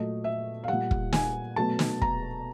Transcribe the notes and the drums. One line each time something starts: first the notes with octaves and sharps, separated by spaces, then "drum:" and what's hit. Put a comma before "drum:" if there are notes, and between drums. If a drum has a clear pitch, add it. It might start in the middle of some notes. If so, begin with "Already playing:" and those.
Already playing: A#2 F#3 A3 D#5
E5
F5
A#2 G3 F#5
drum: kick
G#5, drum: snare
B2 F#3 A3 A5
drum: snare
A#5, drum: kick